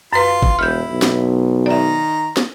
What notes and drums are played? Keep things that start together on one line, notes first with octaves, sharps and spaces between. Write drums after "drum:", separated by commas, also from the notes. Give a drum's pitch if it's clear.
F#2 F4 B4 C6
drum: kick G1
E1 E4 F6 G6
B1
drum: snare
D#3 D5 E5 A#5
drum: snare